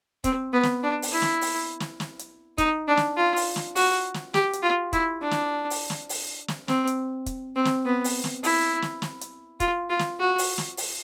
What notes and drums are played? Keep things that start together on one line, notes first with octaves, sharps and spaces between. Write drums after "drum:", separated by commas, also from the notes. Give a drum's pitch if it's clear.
C4, drum: kick, hi-hat
B3
drum: snare
D4
drum: open hi-hat
E4
drum: snare
drum: open hi-hat
drum: snare
drum: snare
drum: hi-hat
D#4, drum: kick, hi-hat
D4
drum: snare
F4
drum: open hi-hat
drum: snare
F#4, drum: open hi-hat
drum: snare
G4, drum: snare
drum: hi-hat
F4
E4, drum: kick, hi-hat
D4
drum: snare
drum: open hi-hat
drum: snare
drum: open hi-hat
drum: snare
C4, drum: snare
drum: hi-hat
drum: kick, hi-hat
C4
drum: snare
B3
drum: open hi-hat
drum: snare
E4, drum: open hi-hat
drum: snare
drum: snare
drum: hi-hat
F4, drum: kick, hi-hat
F4
drum: snare
F#4
drum: open hi-hat
drum: snare
drum: open hi-hat